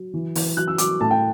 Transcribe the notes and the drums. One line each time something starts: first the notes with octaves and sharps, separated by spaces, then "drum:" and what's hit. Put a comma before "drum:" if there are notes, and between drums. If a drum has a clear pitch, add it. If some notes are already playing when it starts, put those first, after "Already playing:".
Already playing: F#3
E3
E3, drum: open hi-hat
F#3 F#6
E6
F#3 D6, drum: hi-hat
A2 A5
G5